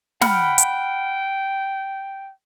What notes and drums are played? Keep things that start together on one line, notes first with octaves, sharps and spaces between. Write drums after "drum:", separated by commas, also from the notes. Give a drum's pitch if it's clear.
F#5 G5 B5 F6, drum: snare
drum: hi-hat